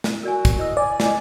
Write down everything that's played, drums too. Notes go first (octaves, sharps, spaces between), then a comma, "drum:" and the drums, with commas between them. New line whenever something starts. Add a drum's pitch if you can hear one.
drum: snare
F#4 A#4 D5 G#5
drum: kick, hi-hat
E4 C5 D#5 E6
D5 G#5
D#5 G#5 D6, drum: snare